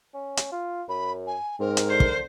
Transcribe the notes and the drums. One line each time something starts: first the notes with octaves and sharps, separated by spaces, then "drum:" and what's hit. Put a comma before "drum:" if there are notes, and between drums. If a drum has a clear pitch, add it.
C#4
drum: hi-hat
F4
F#2 B5
G#5
G#2 C4 A#4
drum: hi-hat
D3 C5
drum: kick